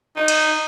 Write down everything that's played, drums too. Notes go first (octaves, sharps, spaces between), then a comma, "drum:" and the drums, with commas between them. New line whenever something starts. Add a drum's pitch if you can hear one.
D#4
drum: cymbal